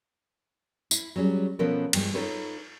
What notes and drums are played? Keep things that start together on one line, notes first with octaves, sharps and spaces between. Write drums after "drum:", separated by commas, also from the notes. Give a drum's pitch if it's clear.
E4, drum: tambourine
F#3 G3 C#4 G#4
B2 F3 B3 C#4 A4 A#4
G2 F3 G#3, drum: cymbal
D#4 F4 A4 B4 C#5